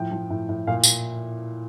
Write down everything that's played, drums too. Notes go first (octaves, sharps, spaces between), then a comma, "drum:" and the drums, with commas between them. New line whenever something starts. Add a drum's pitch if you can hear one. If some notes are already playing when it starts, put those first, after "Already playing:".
Already playing: A2 F3 G5
F3
A2
A2
A#2 F5
drum: tambourine